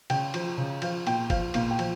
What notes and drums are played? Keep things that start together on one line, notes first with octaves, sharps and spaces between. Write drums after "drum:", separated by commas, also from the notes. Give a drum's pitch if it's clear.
C#3 G5, drum: cymbal
F3, drum: cymbal
C#3
F3 F5, drum: cymbal
A#2 G5, drum: cymbal
F3 F5, drum: kick, cymbal
A#2 F5, drum: cymbal
G5
F3, drum: cymbal